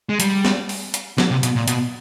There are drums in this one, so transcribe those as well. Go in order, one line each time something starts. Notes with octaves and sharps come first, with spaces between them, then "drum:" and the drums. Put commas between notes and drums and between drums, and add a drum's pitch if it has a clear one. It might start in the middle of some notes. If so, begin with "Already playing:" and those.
G#3
G3, drum: hi-hat
drum: snare
drum: open hi-hat
drum: hi-hat
F#3, drum: snare
C3
B2, drum: hi-hat
A#2
B2, drum: hi-hat